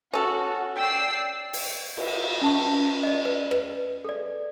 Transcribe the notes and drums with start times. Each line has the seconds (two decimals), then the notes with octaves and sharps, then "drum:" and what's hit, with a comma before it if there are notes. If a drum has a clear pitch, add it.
0.13 C#4 F#4 A4
0.77 D5 G5 E6 C7
1.53 drum: open hi-hat
1.97 drum: cymbal
2.42 C#4 A5 C#6
3.03 D5 D#5
3.25 B4
3.51 B4, drum: rim click
4.04 A4 D5